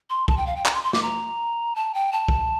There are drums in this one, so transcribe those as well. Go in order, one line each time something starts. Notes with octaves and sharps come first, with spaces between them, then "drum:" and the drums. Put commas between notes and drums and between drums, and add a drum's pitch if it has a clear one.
C6
A5, drum: kick
G5
F5
G5
A#5, drum: clap
C6
C6
D6, drum: snare
A#5
A5
G5
A5
drum: kick